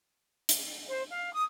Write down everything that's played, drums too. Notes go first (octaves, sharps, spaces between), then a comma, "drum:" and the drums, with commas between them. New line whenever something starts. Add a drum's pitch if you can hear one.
drum: hi-hat
C5
F5
D#6